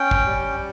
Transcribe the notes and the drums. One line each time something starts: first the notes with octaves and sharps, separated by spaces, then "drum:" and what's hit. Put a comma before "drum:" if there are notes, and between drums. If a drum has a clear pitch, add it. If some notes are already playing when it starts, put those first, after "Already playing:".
Already playing: C#4 G5
drum: kick
G3